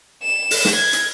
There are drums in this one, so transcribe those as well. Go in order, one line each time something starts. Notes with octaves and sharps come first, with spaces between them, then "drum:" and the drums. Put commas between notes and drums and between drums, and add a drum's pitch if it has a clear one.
E7
drum: open hi-hat
drum: snare
G#6
drum: hi-hat